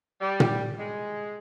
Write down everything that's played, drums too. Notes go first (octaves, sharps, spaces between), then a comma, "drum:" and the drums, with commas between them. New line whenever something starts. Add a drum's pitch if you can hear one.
G3
drum: tom A#2
G#3